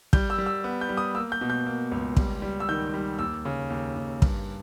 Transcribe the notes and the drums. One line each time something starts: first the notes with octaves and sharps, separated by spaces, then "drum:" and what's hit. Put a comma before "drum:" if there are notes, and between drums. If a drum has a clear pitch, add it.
G3 G6, drum: kick
E6
G3
E6
B3
G6
G3
D#6
A#3 E6
G6
B2
G6
A#3
C#2
G3, drum: kick
G3
E6
D#3 G6
G3
D#2 E6
C#3
D#2
D#2
G2, drum: kick